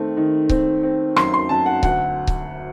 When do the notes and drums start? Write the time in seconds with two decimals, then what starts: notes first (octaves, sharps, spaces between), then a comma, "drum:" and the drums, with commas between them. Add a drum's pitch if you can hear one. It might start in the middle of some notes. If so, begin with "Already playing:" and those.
Already playing: D#3 A3 C4
0.17 D#3
0.49 C4, drum: kick C#1
0.83 C4
1.16 F#2 C6, drum: rim click
1.34 C6
1.49 F#2 A5
1.66 F#5
1.83 D2 F#5, drum: kick C#1
2.27 drum: kick C#1